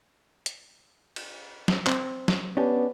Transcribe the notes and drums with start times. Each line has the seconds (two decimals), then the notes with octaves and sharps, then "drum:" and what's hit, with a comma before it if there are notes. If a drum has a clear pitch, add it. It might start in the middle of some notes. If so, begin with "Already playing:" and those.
0.46 drum: hi-hat
1.16 drum: cymbal
1.68 drum: snare
1.87 C4, drum: clap
2.28 drum: snare
2.57 B3 C#4 D4 G4